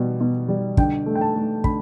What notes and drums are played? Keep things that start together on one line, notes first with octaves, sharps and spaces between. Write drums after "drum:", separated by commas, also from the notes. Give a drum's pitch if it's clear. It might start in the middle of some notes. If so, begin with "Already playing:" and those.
Already playing: B2 G3
B2
G3
D3 G5, drum: kick
A3
G5
A5
A3
D3 B5, drum: kick